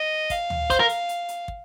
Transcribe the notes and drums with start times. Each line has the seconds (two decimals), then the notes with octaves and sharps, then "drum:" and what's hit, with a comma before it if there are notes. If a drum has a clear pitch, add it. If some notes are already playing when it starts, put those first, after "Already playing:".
Already playing: D#5
0.30 F5, drum: kick, hi-hat
0.50 drum: tom
0.70 C5, drum: kick, hi-hat
0.80 A#4
0.89 drum: hi-hat
1.09 drum: hi-hat
1.29 drum: hi-hat
1.48 drum: kick